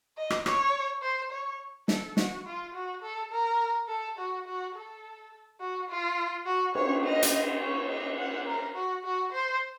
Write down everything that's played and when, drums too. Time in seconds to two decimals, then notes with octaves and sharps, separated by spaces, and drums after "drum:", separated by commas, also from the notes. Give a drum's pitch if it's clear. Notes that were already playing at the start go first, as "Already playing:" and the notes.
0.17 D#5
0.30 drum: rim click
0.46 C#5, drum: rim click
1.02 C5
1.31 C#5
1.88 A4, drum: snare
2.17 F#4, drum: snare
2.46 F4
2.74 F#4
3.03 A4
3.32 A#4
3.89 A4
4.18 F#4
4.47 F#4
4.75 A4
5.60 F#4
5.90 F4
6.46 F#4
6.75 C#5, drum: cymbal
7.04 D#5
7.23 drum: hi-hat
7.62 C#5
7.89 D#5
8.18 F#5
8.47 A#4
8.75 F#4
9.04 F#4
9.32 C5